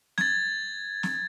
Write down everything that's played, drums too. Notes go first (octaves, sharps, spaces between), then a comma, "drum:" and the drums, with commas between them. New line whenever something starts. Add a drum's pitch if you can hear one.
G#6 A6, drum: snare
drum: snare